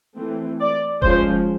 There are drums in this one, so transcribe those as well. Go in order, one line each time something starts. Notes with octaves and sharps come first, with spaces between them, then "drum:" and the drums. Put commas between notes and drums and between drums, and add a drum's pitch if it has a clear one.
E3 A3 C4
D5
F3 G#3 C#4 C5, drum: kick E1